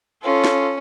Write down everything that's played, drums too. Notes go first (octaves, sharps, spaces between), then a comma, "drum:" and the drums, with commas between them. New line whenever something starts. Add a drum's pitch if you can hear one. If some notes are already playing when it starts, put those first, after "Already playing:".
C#4 F4 A4
drum: snare